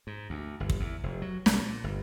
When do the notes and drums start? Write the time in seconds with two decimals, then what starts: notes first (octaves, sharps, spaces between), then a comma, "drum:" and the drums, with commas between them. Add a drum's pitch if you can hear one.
0.07 G#2
0.30 D2
0.60 G1
0.70 drum: kick
0.80 E2
1.03 F1
1.22 F#3
1.46 C2, drum: snare
1.59 A#2
1.84 G1